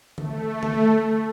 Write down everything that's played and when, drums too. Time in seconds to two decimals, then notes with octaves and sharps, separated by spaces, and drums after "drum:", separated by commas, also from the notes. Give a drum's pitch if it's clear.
0.18 A3, drum: tom D3
0.63 drum: tom D3